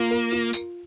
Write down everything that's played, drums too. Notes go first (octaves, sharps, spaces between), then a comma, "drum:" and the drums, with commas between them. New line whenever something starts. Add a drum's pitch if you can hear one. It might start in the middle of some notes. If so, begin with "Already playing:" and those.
Already playing: A#3 F4
A#4
F4
drum: tambourine